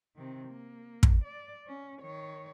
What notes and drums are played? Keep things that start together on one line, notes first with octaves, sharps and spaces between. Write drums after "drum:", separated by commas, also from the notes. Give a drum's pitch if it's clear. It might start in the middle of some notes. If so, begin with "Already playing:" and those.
C3 D#3
A#3
drum: kick
D5
C#4
D#3 C#5